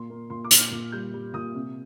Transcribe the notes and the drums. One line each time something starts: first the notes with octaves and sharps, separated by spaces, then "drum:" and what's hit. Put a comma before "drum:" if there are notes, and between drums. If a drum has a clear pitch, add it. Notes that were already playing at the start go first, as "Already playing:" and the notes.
Already playing: A#2 A#3 C6
A#3
A#2 C6
D6
A#2, drum: hi-hat
F6
A#2
G3 G6
G3
A#2 D#6
C3